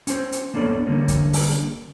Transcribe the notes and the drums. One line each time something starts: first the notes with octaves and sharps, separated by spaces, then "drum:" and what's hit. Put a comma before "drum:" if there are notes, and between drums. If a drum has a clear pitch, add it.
C#4 C5, drum: hi-hat
drum: hi-hat
A#3 B3 D4 A4 C#5 D5
D3 G3 A#3 C#4
drum: kick, hi-hat
drum: open hi-hat